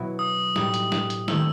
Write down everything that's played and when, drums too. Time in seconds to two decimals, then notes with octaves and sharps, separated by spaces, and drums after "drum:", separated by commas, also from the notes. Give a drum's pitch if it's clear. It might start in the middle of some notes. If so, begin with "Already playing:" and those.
Already playing: B2 F#3 B3 E4
0.19 D#6
0.56 A2 G3 D#4 D#6, drum: snare
0.74 drum: hi-hat
0.92 drum: snare
1.10 drum: hi-hat
1.28 D#3 A3 C4 E4 E6, drum: snare